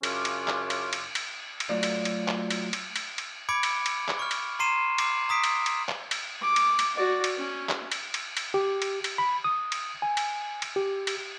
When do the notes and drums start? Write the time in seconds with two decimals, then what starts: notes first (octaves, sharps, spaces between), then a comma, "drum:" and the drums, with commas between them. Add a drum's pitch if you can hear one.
0.03 F#2 C#3 C#4 D4 F4 D6, drum: cymbal
0.25 drum: cymbal
0.48 drum: clap
0.70 drum: cymbal
0.93 drum: cymbal
1.15 drum: cymbal
1.60 drum: cymbal
1.69 F#3 A3 F4 F#4 D5
1.83 drum: cymbal
2.05 drum: cymbal
2.28 drum: clap
2.50 drum: cymbal
2.73 drum: cymbal
2.96 drum: cymbal
3.18 drum: cymbal
3.49 B5 D6 G#6 C#7 D7
3.63 drum: cymbal
3.86 drum: cymbal
4.08 drum: clap
4.19 C#6 F6
4.31 drum: cymbal
4.59 A#5 C6 C7 D#7 E7
4.98 D6 C7, drum: cymbal
5.29 A#5 D#6 B6 D7
5.44 drum: cymbal
5.66 drum: cymbal
5.89 drum: clap
6.11 drum: cymbal
6.41 D6
6.56 drum: cymbal
6.79 drum: cymbal
6.95 F#4 D5
7.24 drum: cymbal
7.38 C#4
7.69 drum: clap
7.92 drum: cymbal
8.14 drum: cymbal
8.37 drum: cymbal
8.54 G4
8.82 drum: cymbal
9.04 drum: cymbal
9.18 B5
9.44 D#6
9.72 drum: cymbal
10.02 G#5
10.17 drum: cymbal
10.62 drum: cymbal
10.76 G4
11.07 drum: cymbal